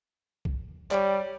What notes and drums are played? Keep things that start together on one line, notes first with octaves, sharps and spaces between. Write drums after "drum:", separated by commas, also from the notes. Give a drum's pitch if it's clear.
drum: kick B1
G3 C#5 D5, drum: clap